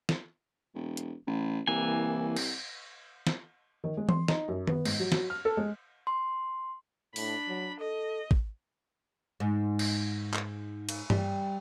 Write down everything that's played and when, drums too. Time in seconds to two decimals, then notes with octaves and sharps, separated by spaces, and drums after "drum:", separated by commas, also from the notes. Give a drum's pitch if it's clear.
0.09 drum: snare
0.75 E1
0.97 drum: hi-hat
1.27 A1
1.67 C2 E3 A#3 G#5
2.36 drum: cymbal
3.27 drum: snare
3.84 D#3
3.97 G#3
4.09 C6, drum: tom E3
4.28 D#4, drum: snare
4.48 F#2
4.67 B3, drum: tom D#3
4.85 G#2, drum: cymbal
5.00 F#3
5.12 F#3, drum: snare
5.30 F6
5.45 A4
5.57 G#3
6.07 C6
7.16 A2 D4 B5, drum: open hi-hat
7.48 F#3
7.80 A4 D#5
8.31 drum: kick
9.40 G#2
9.79 drum: cymbal
10.34 drum: clap
10.89 drum: cymbal
11.10 G3, drum: tom G2